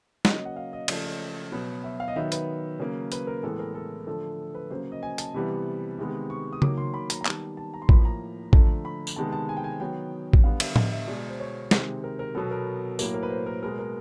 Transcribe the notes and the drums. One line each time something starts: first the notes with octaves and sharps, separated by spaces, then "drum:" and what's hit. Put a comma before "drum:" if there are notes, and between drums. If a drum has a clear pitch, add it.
C#3 F#3 A#3 D#5, drum: snare
F#5
F5
D#5
C#3 F3 A3 D5, drum: cymbal
D#5
B2 F#3 B3
E5
F5
D#5
D#3 F#3 B3 E5
B4, drum: hi-hat
C#3 F#3 A#3
B4, drum: hi-hat
A#4
A2 E3 G#3 B3 A4
A#4
A4
D3 F3 A3 A4
B4
C#3 F#3 A#3 C5
D#5
G#5
A5, drum: hi-hat
C3 E3 G3 B3
C3 D#3 G#3 B3
C#6
D#6
D#3 F#3 A#3 D6, drum: tom C#3
C6
B5
A#5, drum: hi-hat
A#5
D#3 G3 B3 A5, drum: clap
A5
A#5
C6
A2 F3 A#3 B5, drum: kick A1
A#5
D3 F3 A3, drum: kick A1
B5
drum: tambourine
C3 D#3 G#3 B3 A5
A5
G#5
G5
G#5
D#3 F#3 B3 G5
drum: kick A1
D3 G3 B3 F5
E5, drum: cymbal
D#5, drum: tom A2
E5
B2 G#3 B3 D5
C5
C#5
C3 D#3 G#3 C5, drum: snare
A#4
A#4
B2 F#3 B3 A4
A#4
A2 F#3 A#3, drum: tambourine
A#4
B4
C5
A#4
B2 G#3 B3 A#4
A#4